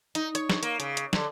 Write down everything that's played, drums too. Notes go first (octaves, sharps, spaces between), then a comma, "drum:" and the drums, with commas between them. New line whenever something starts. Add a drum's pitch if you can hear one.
D#4, drum: hi-hat
C#5, drum: hi-hat
drum: snare
A#3, drum: hi-hat
C#3, drum: hi-hat
drum: hi-hat
D3, drum: snare